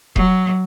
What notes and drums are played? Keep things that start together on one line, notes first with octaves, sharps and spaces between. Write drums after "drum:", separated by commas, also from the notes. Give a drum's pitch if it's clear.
F#3, drum: kick E1